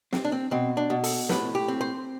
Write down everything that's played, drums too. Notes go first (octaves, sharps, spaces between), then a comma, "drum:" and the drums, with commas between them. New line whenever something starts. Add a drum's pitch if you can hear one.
C4, drum: snare
D4
C4
B2 C4
D4
B2
A4, drum: open hi-hat
A2 B4, drum: snare
G4
C4
C5